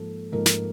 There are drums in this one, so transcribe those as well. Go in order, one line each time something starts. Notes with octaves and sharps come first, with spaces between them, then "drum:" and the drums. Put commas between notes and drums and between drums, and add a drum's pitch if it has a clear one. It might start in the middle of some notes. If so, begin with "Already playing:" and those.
Already playing: G#2 F3 A#3 A4
G#2 F3 A#3 A#4
drum: snare